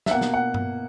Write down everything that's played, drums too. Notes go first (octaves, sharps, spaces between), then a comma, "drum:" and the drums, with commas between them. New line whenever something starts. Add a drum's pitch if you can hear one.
E5, drum: snare
B2 A#3 F#5
drum: snare
F#5
drum: tom G2